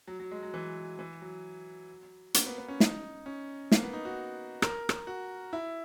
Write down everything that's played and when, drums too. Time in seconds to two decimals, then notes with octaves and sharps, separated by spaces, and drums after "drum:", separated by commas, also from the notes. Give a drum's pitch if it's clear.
0.08 F#3
0.20 F#3
0.31 G#3
0.43 F#3
0.54 E3
0.99 E3
1.22 F#3
2.34 A#3, drum: hi-hat
2.46 B3
2.58 B3
2.68 C#4
2.80 D#4, drum: snare
3.26 C#4
3.72 A#3, drum: snare
3.83 B3
3.93 D#4
4.05 F#4
4.62 A#4, drum: rim click
4.89 drum: rim click
5.07 F#4
5.53 E4